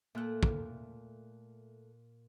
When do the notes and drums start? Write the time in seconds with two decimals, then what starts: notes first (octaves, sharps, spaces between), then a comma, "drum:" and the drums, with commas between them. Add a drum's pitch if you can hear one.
0.15 A#2 A3 A4 F#6
0.43 drum: kick